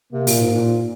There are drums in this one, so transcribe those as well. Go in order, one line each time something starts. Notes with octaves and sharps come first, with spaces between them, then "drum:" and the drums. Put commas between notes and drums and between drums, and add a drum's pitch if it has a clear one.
C3 A#3
A#2, drum: open hi-hat
G#2
A#2